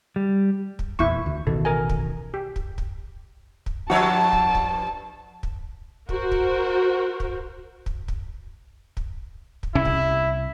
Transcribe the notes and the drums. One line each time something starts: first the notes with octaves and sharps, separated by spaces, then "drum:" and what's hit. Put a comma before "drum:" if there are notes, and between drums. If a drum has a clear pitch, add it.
G3
drum: kick
E2 A#2 E4 C#6, drum: kick
D2
A1 B2 D#3 A4
A#4 G#5
drum: kick
G4
drum: kick
drum: kick
drum: kick
G2 F3 F#4 C#5 A5
drum: kick
drum: kick
drum: kick
F#4 A#4 C5, drum: kick
drum: kick
drum: kick
drum: kick
drum: kick
drum: kick
drum: kick
C2 C3 C#4 E4
drum: kick